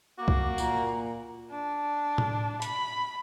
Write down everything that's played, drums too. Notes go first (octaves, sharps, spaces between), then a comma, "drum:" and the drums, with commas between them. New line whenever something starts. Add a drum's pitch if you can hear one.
A#3 F#4 D6
drum: kick C2
A#2 A#5, drum: tambourine
D4
drum: tom A2
B5, drum: hi-hat